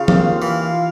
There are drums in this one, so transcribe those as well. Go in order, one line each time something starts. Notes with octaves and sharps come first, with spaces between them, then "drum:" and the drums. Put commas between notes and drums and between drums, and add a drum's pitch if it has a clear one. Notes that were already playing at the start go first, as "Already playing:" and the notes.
Already playing: C#3 F4 F5
D#2, drum: tom D#3
E3